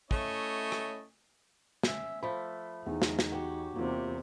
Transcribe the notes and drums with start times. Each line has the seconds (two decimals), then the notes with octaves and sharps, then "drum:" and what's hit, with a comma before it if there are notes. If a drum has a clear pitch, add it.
0.11 A3 C#4 E4 C#5 D#5, drum: kick
0.72 drum: rim click
1.83 C#4 E5, drum: snare
2.23 F3 A3 B5
2.86 E2 D#4
3.02 drum: snare
3.19 drum: snare
3.32 F#4 G4 C#5
3.75 E2 C3 A#3 F4